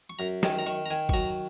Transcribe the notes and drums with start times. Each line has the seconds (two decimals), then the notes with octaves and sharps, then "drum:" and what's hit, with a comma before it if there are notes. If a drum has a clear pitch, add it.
0.10 C#6
0.19 F#2 A#5
0.43 D#3 G#5, drum: snare
0.59 A#5
0.66 D#3 C#6
0.86 A#5
0.90 D#3 G#5
1.09 C#6, drum: kick
1.13 F#3 A#5